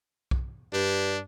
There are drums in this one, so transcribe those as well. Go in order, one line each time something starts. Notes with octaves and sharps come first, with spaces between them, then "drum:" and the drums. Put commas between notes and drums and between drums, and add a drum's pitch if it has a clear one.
drum: kick B1
G2 D4